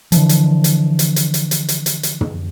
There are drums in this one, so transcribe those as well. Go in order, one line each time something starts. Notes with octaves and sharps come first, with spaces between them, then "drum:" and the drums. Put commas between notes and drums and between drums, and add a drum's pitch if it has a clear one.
D3 E3 F3, drum: hi-hat
drum: hi-hat
drum: hi-hat
drum: hi-hat
drum: hi-hat
drum: hi-hat
drum: hi-hat
drum: hi-hat
drum: hi-hat
drum: hi-hat
drum: tom